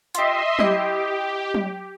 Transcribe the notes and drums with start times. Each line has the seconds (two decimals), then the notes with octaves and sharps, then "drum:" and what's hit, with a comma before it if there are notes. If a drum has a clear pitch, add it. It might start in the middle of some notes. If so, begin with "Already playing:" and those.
0.15 F4 G4 D#5 E5 C6, drum: hi-hat
0.59 E4 G4 D#5, drum: tom F#3
1.54 drum: tom F#3